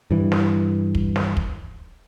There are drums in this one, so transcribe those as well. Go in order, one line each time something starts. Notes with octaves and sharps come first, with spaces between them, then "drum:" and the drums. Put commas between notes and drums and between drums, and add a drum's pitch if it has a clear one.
G2 E3
drum: snare
drum: kick
drum: snare
drum: kick